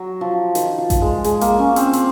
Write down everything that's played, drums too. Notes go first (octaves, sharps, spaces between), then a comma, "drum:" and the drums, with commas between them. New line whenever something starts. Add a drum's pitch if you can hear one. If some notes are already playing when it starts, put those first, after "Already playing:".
Already playing: F#3
F3
D#3, drum: hi-hat
F3
drum: kick A1, hi-hat
G#3
G#3, drum: hi-hat
A#3, drum: hi-hat
C#4
C4, drum: hi-hat
C4, drum: hi-hat